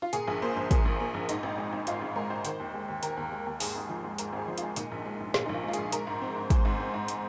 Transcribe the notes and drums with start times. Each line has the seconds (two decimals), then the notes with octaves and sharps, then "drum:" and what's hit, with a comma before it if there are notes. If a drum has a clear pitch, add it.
0.02 F4
0.13 A#2 G#4, drum: hi-hat
0.27 A#1 G#4
0.42 A#3 C5
0.56 A#1 C5
0.71 A#2 G#4, drum: kick, hi-hat
0.85 A#1
1.00 A#3
1.14 A#1
1.29 G#2 D#4, drum: hi-hat
1.43 G#1
1.58 G#3
1.73 G#1
1.87 G#2 F4, drum: hi-hat
2.01 G#1
2.16 G#3 A#4
2.30 G#1 C5
2.45 D#3 C5, drum: hi-hat
2.60 D#2
2.74 G#3
2.88 D#2
3.03 D#3 A#4, drum: hi-hat
3.17 D#2
3.32 G#3
3.46 D#2
3.60 G#2 G#4, drum: open hi-hat
3.75 G#1
3.90 F3
4.04 G#3
4.18 G#2 A#4, drum: hi-hat
4.33 G#1 G#4
4.48 F3
4.58 G#3 F4, drum: hi-hat
4.76 A#2 D#4, drum: hi-hat
4.91 A#1
5.06 G#3
5.20 A#1
5.34 A#2 F4, drum: snare
5.46 D#4
5.49 A#1 F4
5.63 G#3 F4
5.73 A#1 G#4, drum: hi-hat
5.92 G#3 A#4, drum: hi-hat
6.07 G#2
6.22 C4
6.36 G#2
6.50 G#3 C5, drum: kick, hi-hat
6.65 G#2
6.80 C4
6.94 G#2
7.08 drum: hi-hat